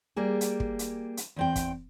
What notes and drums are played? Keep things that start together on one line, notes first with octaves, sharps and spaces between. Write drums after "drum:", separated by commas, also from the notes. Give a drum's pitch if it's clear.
G3 A#3 G#4
drum: hi-hat
drum: kick
drum: hi-hat
drum: hi-hat
E2 C4 G5
drum: kick, hi-hat